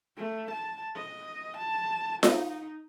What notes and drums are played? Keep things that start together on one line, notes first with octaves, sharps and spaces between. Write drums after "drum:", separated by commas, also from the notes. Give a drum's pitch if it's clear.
A3
A5
D#5
A5
D#4, drum: snare F4